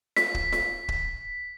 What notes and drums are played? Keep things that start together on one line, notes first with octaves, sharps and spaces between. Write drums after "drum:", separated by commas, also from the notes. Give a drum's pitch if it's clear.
B6, drum: snare F4
drum: kick
drum: snare F4
drum: kick